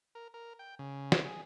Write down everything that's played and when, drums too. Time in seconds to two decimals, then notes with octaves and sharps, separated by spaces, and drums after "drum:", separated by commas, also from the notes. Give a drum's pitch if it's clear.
0.15 A#4
0.34 A#4
0.59 G5
0.79 C#3
1.12 drum: snare
1.24 G#4